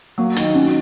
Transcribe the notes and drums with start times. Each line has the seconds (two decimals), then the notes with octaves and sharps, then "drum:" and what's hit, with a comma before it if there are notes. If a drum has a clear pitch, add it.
0.18 F#3 A#3
0.36 D#3, drum: hi-hat
0.54 C#4 F#4